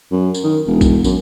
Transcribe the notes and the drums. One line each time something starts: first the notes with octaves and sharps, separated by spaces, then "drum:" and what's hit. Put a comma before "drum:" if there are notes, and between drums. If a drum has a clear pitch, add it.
F#2
drum: tambourine
D#3
E1
drum: kick A#1, tambourine
F#2, drum: tambourine